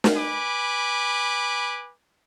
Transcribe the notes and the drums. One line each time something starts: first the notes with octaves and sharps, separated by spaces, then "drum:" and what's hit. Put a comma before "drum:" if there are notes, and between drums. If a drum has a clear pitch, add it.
drum: snare
B4 G#5 B5 D6